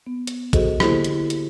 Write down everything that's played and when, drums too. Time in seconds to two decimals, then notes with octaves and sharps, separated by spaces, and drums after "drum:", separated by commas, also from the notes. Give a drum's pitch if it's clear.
0.07 B3
0.27 drum: hi-hat
0.53 F#4 G#4 A4 C5 D#5, drum: kick, hi-hat
0.80 D3 A#3 E4 G4 A4 C5, drum: rim click
1.04 drum: hi-hat
1.30 drum: hi-hat